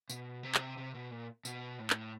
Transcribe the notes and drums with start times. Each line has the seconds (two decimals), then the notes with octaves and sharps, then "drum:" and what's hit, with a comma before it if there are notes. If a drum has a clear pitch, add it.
0.10 B2, drum: tambourine
0.43 C3
0.55 drum: clap
0.77 C3
0.95 B2
1.11 A#2
1.45 B2, drum: tambourine
1.79 A2
1.90 drum: clap